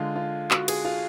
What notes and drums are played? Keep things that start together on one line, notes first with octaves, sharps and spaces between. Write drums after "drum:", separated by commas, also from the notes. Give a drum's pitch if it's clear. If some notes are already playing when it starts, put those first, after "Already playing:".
Already playing: D3 G#3 F4
F4
F#4, drum: clap
G#4, drum: cymbal
F4